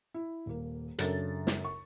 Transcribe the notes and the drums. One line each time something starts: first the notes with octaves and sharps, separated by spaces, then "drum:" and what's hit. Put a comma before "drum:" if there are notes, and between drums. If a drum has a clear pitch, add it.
E4
D#1 A#3
F#2 C#3 D4 A4 A#4 A6, drum: hi-hat
drum: snare
C#6